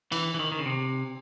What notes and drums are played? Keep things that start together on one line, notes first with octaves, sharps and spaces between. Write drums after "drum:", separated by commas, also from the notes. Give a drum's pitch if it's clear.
E3, drum: cymbal
E3
D#3
D#3
C#3
C3